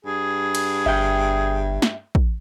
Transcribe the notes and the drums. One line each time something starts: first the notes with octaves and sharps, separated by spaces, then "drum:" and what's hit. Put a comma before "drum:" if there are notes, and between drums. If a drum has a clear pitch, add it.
G2 G#4
drum: cymbal
G1 E5 G5
drum: snare
drum: kick